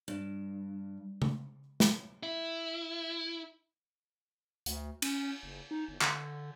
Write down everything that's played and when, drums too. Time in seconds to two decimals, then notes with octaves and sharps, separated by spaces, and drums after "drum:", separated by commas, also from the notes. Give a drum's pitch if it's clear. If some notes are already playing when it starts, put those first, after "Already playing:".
0.08 G2
1.22 drum: tom C#3
1.80 drum: snare
2.23 E4
4.66 D2, drum: hi-hat
5.02 C#4, drum: cymbal
5.43 F#1
5.71 D#4
5.88 G1
6.01 D3, drum: clap